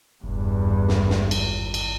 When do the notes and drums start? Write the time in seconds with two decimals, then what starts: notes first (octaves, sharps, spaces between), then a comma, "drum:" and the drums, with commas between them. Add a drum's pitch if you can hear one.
0.24 F1 E2 G2
0.67 G#1
0.88 drum: snare
1.10 drum: snare
1.31 drum: cymbal
1.74 drum: cymbal